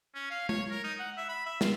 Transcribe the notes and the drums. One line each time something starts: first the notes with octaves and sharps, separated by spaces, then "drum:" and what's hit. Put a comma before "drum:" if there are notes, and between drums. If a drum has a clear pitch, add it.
C#4
F5
C#5, drum: tom G#3
A#4
D#4
F#5
E5
B5
E5
F4, drum: snare